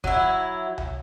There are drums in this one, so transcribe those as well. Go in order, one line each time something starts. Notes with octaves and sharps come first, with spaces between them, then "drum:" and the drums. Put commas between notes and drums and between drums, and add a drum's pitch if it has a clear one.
F#3 E4, drum: kick
drum: tom C2